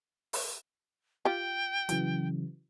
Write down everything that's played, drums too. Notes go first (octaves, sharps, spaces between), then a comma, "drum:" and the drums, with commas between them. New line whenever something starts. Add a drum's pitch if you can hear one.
drum: open hi-hat
F4 G4 G5
C#3 E3 F#3, drum: hi-hat